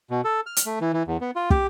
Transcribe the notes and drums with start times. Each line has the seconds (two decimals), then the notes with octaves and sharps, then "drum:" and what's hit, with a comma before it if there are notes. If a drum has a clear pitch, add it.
0.10 B2
0.24 A4
0.46 F6
0.57 drum: hi-hat
0.66 A3
0.81 E3
0.93 E3
1.07 E2
1.21 B3
1.36 F4
1.50 G4, drum: kick